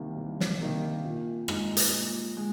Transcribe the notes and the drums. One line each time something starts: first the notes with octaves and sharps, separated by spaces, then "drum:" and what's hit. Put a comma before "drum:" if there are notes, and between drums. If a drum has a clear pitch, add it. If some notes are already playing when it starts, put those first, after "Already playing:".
Already playing: C2 C3 D#3 A#3 D#4
C2
drum: snare
C3 D#3 A#3 D#4
A#2
G#3 D#4, drum: rim click
drum: hi-hat
A#2
G#3